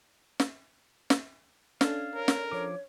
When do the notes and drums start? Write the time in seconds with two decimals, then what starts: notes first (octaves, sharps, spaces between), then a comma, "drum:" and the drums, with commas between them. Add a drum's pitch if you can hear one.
0.40 drum: snare
1.10 drum: snare
1.81 C#4 D4 A4 F5, drum: snare
2.15 A#4 C#5
2.28 drum: snare
2.52 F3 C#5 D6